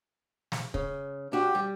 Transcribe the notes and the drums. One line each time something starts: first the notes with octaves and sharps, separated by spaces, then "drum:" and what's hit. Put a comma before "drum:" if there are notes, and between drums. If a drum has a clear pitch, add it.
drum: snare
C#3, drum: kick
D4 F#4 G4
G3